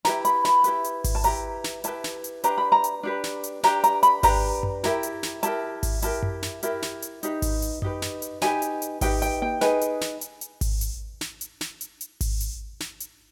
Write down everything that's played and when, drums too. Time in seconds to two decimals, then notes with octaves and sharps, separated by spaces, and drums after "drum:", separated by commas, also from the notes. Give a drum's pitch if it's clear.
0.05 E4 G4 B4 A#5, drum: snare
0.25 B5, drum: hi-hat
0.45 B5, drum: snare
0.64 E4 G4 B4, drum: hi-hat
0.84 drum: hi-hat
1.04 drum: kick G#1, open hi-hat
1.15 A5
1.24 E4 G4 B4 A#5, drum: hi-hat
1.64 drum: snare
1.84 E4 G4 B4 A5, drum: hi-hat
2.04 drum: snare
2.24 drum: hi-hat
2.44 D4 G4 B4 A#5, drum: hi-hat
2.58 B5
2.72 A#5
2.84 drum: hi-hat
3.03 D4 G4 B4
3.24 drum: snare
3.44 drum: hi-hat
3.63 D4 G4 B4 A#5, drum: snare
3.84 A#5, drum: hi-hat
4.03 B5, drum: hi-hat
4.23 D4 G4 B4 A#5, drum: kick G#1, open hi-hat
4.63 drum: tom F#2
4.84 E4 G4 A#4, drum: snare
5.03 drum: hi-hat
5.23 drum: snare
5.43 E4 G4 A#4 A5, drum: hi-hat
5.83 drum: kick G#1, open hi-hat
6.02 E4 G4 A#4 A5, drum: hi-hat
6.23 drum: tom F#2
6.43 drum: snare
6.63 E4 G4 A#4, drum: hi-hat
6.82 drum: snare
7.02 drum: hi-hat
7.23 D#4 G4 B4, drum: hi-hat
7.42 drum: kick G#1, open hi-hat
7.62 drum: hi-hat
7.82 D#4 G4 B4, drum: tom F#2
8.02 drum: snare
8.22 drum: hi-hat
8.41 D#4 G4 B4 G#5, drum: snare
8.62 drum: hi-hat
8.82 drum: hi-hat
9.01 D#4 G4 B4 G5, drum: kick G#1, open hi-hat
9.22 G5, drum: hi-hat
9.42 G5, drum: tom A#3
9.61 D#4 G#4 B4 G#5, drum: snare
9.81 drum: hi-hat
10.01 drum: snare
10.21 drum: hi-hat
10.41 drum: hi-hat
10.61 drum: kick G#1, open hi-hat
10.81 drum: hi-hat
11.21 drum: snare
11.41 drum: hi-hat
11.61 drum: snare
11.81 drum: hi-hat
12.01 drum: hi-hat
12.21 drum: kick G#1, open hi-hat
12.41 drum: hi-hat
12.80 drum: snare
13.00 drum: hi-hat